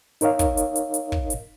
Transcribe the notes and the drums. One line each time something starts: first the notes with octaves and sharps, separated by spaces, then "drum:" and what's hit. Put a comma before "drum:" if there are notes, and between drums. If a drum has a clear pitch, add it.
D#4 A#4 C#5 D#5 F5, drum: hi-hat
drum: kick, hi-hat
drum: hi-hat
drum: hi-hat
drum: hi-hat
drum: kick
drum: hi-hat